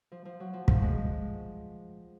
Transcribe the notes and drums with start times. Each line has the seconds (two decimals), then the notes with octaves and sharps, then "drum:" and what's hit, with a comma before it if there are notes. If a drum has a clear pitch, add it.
0.12 F3
0.25 F3
0.40 F#3
0.53 F3
0.68 F3, drum: kick
0.82 G#3